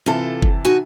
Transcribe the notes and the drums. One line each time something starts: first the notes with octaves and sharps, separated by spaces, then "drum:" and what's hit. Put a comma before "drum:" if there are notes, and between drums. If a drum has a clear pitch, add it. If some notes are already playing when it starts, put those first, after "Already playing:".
C3 E3 F4 A4 A5
drum: kick F#1
D#4 F#4 G#5